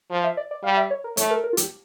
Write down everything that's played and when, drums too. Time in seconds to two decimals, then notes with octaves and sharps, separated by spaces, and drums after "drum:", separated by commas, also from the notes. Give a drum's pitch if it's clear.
0.10 F3
0.24 E5
0.37 D5
0.51 D5
0.64 G3 F5
0.77 E5
0.91 C#5
1.04 A#4
1.17 A3 C#5, drum: hi-hat
1.31 A#4
1.44 A#4
1.53 F4
1.57 G4, drum: hi-hat